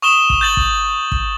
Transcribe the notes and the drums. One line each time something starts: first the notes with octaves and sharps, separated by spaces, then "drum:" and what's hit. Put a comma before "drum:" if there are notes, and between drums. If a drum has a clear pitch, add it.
C#6 D#6 E7 G7
drum: kick
G6 A6 F#7
drum: kick
drum: kick